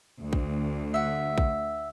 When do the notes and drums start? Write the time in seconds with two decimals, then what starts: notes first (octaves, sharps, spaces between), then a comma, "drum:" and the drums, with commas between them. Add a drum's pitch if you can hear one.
0.20 D2
0.33 drum: kick A#1
0.94 E5 F#5
1.38 drum: kick A#1